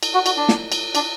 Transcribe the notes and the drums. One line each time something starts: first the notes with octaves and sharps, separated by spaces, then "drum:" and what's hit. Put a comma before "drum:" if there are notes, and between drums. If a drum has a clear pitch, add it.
drum: cymbal
F#4
F#4, drum: cymbal
D4
drum: snare
drum: cymbal
D4, drum: cymbal